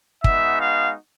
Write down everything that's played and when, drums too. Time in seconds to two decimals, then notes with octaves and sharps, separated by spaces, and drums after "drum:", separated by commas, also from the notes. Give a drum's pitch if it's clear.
0.24 G#3 B3 D#4 F#4 E5, drum: kick
0.61 F5